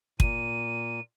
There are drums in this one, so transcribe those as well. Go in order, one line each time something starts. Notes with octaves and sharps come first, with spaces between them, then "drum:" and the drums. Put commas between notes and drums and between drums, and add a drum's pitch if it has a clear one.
A#2 D#7, drum: kick